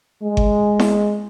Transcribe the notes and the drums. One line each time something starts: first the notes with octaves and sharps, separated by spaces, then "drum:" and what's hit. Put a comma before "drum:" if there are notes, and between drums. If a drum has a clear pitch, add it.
G#3
drum: kick G1
drum: snare E4